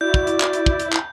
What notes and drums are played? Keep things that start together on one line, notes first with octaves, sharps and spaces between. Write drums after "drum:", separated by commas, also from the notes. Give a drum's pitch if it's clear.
E4 F#4 D5 G6
drum: kick
drum: hi-hat
drum: clap
drum: hi-hat
drum: kick
drum: hi-hat
drum: clap